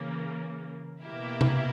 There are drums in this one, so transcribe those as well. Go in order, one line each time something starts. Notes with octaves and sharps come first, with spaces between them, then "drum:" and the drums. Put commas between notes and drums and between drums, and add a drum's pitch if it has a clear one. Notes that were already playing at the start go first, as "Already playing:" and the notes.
Already playing: C#3 E3 A#3
B2 A#3 E4 G4
drum: tom